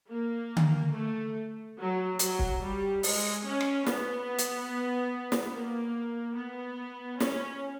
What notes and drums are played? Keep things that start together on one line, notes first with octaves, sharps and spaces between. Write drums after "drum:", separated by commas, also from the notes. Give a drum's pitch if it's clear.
A#3
drum: tom D3
A3
F#3
F#3, drum: hi-hat
drum: kick
G3
G#3, drum: open hi-hat
C#4
drum: rim click
B3, drum: snare
drum: hi-hat
drum: snare
A#3
B3
C#4, drum: snare